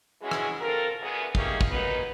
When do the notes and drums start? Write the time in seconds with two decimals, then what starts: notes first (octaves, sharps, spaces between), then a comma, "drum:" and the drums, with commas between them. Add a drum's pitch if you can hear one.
0.22 E3 G#3 C#4 E4 F#4 G#4
0.31 drum: rim click
0.61 C4 F4 A4 A#4
1.01 D2 B3 G#4
1.35 A3 A#3 C#4 D#4 G4 G#4, drum: kick
1.61 drum: kick
1.71 A#2 F#3 A#3 B3 D#4 B4